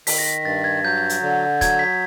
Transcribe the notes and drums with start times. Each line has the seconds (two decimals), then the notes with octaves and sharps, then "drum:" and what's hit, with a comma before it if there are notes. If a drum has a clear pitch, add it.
0.07 D#3 B6, drum: open hi-hat
0.18 A#6
0.26 B6
0.45 G2 A6
0.64 G#6
0.84 F#3 G6
1.09 drum: hi-hat
1.23 D3
1.61 F#3 G#6, drum: kick, hi-hat
1.79 B6